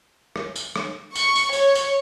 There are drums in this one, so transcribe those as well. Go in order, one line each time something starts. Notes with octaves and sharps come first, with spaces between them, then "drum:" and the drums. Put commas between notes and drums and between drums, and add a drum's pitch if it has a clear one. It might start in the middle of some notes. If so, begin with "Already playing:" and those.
drum: rim click
drum: tambourine
drum: rim click
C#6, drum: tambourine
drum: tambourine
C#5, drum: tambourine
drum: tambourine